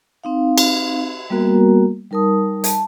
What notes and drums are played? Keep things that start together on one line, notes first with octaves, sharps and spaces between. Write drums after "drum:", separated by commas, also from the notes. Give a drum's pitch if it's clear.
C4 D#4 F5
drum: cymbal
G3 A#3 B3 F#4 A#4 A#5
G3 D#4 A#4 A5 D#6
A5, drum: hi-hat